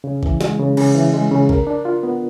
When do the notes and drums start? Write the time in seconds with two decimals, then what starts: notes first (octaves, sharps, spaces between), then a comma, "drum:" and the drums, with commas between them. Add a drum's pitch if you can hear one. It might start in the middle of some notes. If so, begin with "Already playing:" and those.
0.04 C#3
0.23 E3, drum: kick A#1
0.41 G#3, drum: snare
0.59 C#3
0.77 C#3, drum: cymbal
0.95 E3
1.14 G#3
1.31 C#3
1.49 A#4, drum: kick A#1
1.67 D4
1.85 F4
2.03 B3